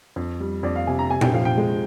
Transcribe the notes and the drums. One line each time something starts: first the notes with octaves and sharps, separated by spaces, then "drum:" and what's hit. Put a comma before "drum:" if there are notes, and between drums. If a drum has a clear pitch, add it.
F2
G3
F2 D5
F5
C3 G#5
A#5
C3 G#5
G5, drum: tom A#2
F3 F5
G5
G#3